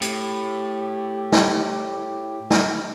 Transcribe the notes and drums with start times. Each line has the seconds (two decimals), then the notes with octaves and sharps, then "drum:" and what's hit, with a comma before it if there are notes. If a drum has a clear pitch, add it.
0.02 A2 G4, drum: hi-hat
1.32 drum: snare
2.50 drum: snare